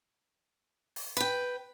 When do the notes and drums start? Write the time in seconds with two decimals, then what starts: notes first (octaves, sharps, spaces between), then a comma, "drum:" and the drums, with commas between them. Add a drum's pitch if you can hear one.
0.96 drum: open hi-hat
1.17 B4 G5, drum: hi-hat